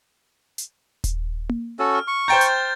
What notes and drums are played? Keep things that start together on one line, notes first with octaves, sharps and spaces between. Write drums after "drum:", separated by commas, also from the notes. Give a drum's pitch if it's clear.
drum: hi-hat
drum: kick D#1, hi-hat
drum: tom A#3
C#4 F#4 A4
F6
C#6
C5 G5 A#5 G6 A6
drum: hi-hat